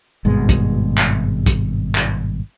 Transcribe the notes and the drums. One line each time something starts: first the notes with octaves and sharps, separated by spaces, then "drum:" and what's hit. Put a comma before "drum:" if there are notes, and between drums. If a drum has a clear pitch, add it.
G#1 G2 B2 G#3
drum: kick, hi-hat
drum: clap
drum: kick, hi-hat
drum: clap